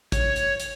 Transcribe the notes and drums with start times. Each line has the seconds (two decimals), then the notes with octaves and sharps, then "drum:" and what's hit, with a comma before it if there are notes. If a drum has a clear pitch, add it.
0.12 C#5, drum: kick, hi-hat
0.36 drum: hi-hat
0.60 drum: hi-hat